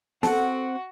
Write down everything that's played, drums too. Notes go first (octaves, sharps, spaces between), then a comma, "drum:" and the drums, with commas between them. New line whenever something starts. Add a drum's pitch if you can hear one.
C4 F#4 A4 F#5, drum: snare